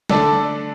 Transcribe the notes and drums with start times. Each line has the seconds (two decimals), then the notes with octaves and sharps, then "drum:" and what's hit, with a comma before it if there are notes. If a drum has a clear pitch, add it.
0.10 D3 A3 D4 A4 D5, drum: snare